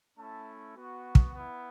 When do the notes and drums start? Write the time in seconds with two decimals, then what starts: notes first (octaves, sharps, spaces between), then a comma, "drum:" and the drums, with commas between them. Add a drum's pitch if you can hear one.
0.18 A3 C#4 E4 E5 A5
0.75 B3 F#4
1.15 drum: kick
1.33 B3 E4